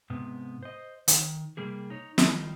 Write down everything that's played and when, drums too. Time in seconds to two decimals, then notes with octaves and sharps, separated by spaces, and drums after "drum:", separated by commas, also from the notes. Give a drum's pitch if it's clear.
0.10 G#2 C3 B3
0.63 C5 D#5
1.08 D#3, drum: hi-hat
1.57 C3 G3 A#3 G#4
1.90 D#4 C#5
2.18 D#3 F3 G3 D#4, drum: snare